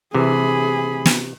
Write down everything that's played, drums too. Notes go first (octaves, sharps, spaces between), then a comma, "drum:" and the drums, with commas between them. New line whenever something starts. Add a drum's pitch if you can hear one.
C3 E3 G#4 B5
drum: snare